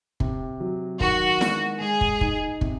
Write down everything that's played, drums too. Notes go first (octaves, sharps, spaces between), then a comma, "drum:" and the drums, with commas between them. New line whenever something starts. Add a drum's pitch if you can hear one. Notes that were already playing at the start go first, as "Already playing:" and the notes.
C3, drum: kick
F#3
D#3 F#4, drum: kick
G#3, drum: snare E4
G#3 G#4
drum: kick
D#4, drum: kick
C3, drum: kick